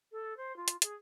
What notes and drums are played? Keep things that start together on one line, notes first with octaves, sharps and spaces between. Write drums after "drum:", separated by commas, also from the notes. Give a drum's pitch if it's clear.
A4
C5
F4
drum: hi-hat
G#4, drum: hi-hat